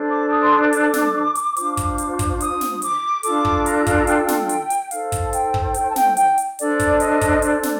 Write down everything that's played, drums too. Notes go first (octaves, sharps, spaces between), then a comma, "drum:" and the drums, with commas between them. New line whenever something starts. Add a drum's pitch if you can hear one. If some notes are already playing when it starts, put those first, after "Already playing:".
Already playing: D4 A4 C5
D6
D#6
C6
D6
drum: hi-hat
drum: snare
drum: hi-hat
D4 F4 C5, drum: hi-hat
drum: kick, hi-hat
drum: hi-hat
drum: kick, hi-hat
D#6, drum: hi-hat
drum: snare
D6, drum: hi-hat
D4 F4 A4 D6, drum: hi-hat
drum: kick
A#5, drum: hi-hat
drum: kick, hi-hat
G5, drum: hi-hat
drum: snare
drum: hi-hat
drum: hi-hat
D#4 A4 C5 F5, drum: hi-hat
drum: kick, hi-hat
A5
G5, drum: hi-hat
drum: kick
G5, drum: hi-hat
A5
G5, drum: snare
G5, drum: hi-hat
drum: hi-hat
D4 A4 C5 D5, drum: hi-hat
drum: kick, hi-hat
D#5, drum: hi-hat
drum: kick, hi-hat
D5, drum: hi-hat
drum: snare